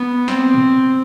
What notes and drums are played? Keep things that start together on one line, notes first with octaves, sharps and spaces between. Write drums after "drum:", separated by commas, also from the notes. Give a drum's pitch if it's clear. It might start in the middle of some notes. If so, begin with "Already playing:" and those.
Already playing: B3
C4, drum: snare
drum: tom G#2